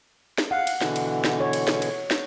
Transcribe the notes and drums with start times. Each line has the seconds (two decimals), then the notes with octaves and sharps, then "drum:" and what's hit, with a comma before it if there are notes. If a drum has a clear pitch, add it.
0.38 drum: snare
0.51 F5 F#5
0.67 drum: cymbal
0.81 B2 D3 E3, drum: snare
0.96 drum: cymbal
1.24 drum: snare
1.40 C#5
1.53 drum: cymbal
1.68 drum: snare
1.82 drum: cymbal
2.11 drum: snare